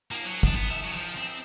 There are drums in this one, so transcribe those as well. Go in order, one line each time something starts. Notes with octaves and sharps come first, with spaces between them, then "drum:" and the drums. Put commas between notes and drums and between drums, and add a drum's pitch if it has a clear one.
A#3, drum: cymbal
F#3
D4, drum: kick, cymbal
B3
E5, drum: cymbal
F#3
F3
C4
C4